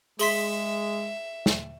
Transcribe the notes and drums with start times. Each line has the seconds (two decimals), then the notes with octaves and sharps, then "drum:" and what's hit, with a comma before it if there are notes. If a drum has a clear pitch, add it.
0.19 G#3 G#4 E5 C6 B6, drum: open hi-hat
1.46 drum: snare